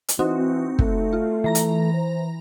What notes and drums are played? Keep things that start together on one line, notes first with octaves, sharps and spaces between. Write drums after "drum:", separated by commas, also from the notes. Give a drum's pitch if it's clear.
drum: hi-hat
E3 C4 D#4 F#4
A3, drum: kick
F4
E3 A#5 A#6
drum: hi-hat
C5